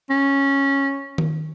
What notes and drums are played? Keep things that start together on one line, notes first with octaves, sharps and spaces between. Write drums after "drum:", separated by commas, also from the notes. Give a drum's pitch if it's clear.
C#4
drum: tom D#3